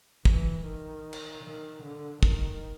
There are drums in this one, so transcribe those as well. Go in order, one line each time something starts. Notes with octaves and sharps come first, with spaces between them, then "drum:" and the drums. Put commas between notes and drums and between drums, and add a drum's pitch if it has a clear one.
E3, drum: kick
D#3
drum: cymbal
D#3
D3
D#3, drum: kick